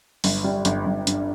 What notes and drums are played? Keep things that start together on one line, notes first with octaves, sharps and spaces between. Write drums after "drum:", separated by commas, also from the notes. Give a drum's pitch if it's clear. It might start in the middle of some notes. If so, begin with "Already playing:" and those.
G1, drum: open hi-hat
G3
G1, drum: hi-hat
G1
G2, drum: hi-hat